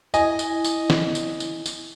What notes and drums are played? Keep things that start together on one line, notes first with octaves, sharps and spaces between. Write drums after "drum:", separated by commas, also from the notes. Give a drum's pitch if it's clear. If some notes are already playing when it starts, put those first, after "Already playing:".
E4 D#5 G#5, drum: tambourine
drum: tambourine
drum: tambourine
drum: snare
drum: tambourine
drum: tambourine
drum: tambourine